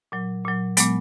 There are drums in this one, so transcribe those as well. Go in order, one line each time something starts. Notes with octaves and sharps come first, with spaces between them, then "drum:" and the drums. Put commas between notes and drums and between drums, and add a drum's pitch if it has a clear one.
A#2 F#3
A#2 F#3
A#2 F#3 G#3 B3, drum: hi-hat